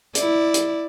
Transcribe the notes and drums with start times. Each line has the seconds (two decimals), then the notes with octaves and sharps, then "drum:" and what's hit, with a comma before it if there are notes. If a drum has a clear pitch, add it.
0.15 E4 D5, drum: hi-hat
0.54 drum: hi-hat